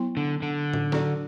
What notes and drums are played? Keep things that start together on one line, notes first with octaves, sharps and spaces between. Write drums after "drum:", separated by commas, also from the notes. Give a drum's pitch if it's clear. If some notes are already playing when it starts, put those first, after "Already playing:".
Already playing: F#3 B3 E4
D3
D3
drum: tom A2
F#3 D4 F#4 A4 D5, drum: snare